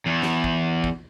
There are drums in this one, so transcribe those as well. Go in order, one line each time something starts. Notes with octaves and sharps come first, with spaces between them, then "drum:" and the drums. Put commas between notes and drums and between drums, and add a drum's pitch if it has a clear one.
E2
drum: snare
drum: kick
drum: kick